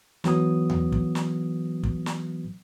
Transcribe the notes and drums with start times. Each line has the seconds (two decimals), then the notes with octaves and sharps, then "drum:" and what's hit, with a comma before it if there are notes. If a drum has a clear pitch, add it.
0.24 E3 F#3 B3 D#6, drum: snare
0.70 drum: tom D#2
0.92 drum: kick
1.15 drum: snare
1.83 drum: kick
2.06 drum: snare